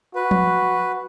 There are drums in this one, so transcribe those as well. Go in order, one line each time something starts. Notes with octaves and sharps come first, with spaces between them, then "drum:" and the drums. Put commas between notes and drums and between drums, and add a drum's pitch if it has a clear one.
F#4 B4
drum: tom F3